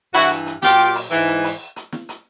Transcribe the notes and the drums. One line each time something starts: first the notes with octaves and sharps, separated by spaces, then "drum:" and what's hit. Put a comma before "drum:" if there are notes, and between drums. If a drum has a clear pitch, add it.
G2 E3 E4 F#4, drum: open hi-hat
drum: hi-hat
drum: hi-hat
A#2 F#3 F4 G4, drum: snare
drum: hi-hat
drum: open hi-hat
G#2 E3, drum: hi-hat
drum: hi-hat
drum: open hi-hat
drum: hi-hat
drum: snare
drum: hi-hat